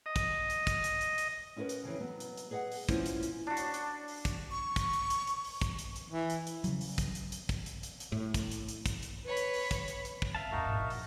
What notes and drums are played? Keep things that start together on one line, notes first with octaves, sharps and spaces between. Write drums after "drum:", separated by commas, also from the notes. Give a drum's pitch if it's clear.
D#5
drum: kick, hi-hat
drum: hi-hat
drum: kick, hi-hat
drum: hi-hat
drum: hi-hat
drum: hi-hat
C#4 E4 F#4 A#4 B4
drum: hi-hat
F2 C#3 E3
F#3 B3
drum: hi-hat
drum: hi-hat
G#4 B4 D#5 F#5
drum: open hi-hat
A#3 B3 C#4 E4 F4 C5, drum: kick, hi-hat
drum: hi-hat
drum: hi-hat
D4 F#4
drum: hi-hat
drum: hi-hat
drum: open hi-hat
drum: kick, hi-hat
C#6
drum: kick, hi-hat
drum: hi-hat
drum: hi-hat
drum: hi-hat
drum: open hi-hat
drum: kick, hi-hat
drum: hi-hat
drum: hi-hat
E3
drum: hi-hat
drum: hi-hat
C#3 F#3, drum: hi-hat
drum: open hi-hat
drum: kick, hi-hat
drum: hi-hat
drum: hi-hat
drum: kick, hi-hat
drum: hi-hat
drum: hi-hat
drum: hi-hat
A2
drum: kick, hi-hat
drum: hi-hat
drum: hi-hat
drum: kick, hi-hat
drum: hi-hat
B4 C#5 B5
drum: hi-hat
drum: open hi-hat
drum: kick, hi-hat
drum: hi-hat
drum: hi-hat
drum: kick
C4 E5 F5 A5
A1 E2 D#4 F#4 A#4
G#1 A#2
A#1
drum: open hi-hat